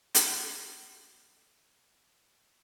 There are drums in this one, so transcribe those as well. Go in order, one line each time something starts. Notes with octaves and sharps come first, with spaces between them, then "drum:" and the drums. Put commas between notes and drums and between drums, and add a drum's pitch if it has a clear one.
F6 C7, drum: hi-hat